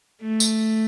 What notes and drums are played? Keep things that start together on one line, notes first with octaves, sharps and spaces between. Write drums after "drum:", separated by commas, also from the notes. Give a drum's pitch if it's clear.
A3
drum: tambourine